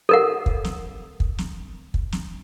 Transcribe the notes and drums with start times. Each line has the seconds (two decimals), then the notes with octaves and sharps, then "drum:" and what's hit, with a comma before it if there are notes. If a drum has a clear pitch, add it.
0.09 A4 A#4 F#5
0.46 drum: kick
0.64 drum: snare
1.20 drum: kick
1.38 drum: snare
1.94 drum: kick
2.12 drum: snare